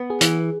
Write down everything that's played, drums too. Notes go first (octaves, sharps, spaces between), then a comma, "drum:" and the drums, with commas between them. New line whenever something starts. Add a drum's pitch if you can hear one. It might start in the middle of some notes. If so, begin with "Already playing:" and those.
Already playing: B3
G#4
E3, drum: hi-hat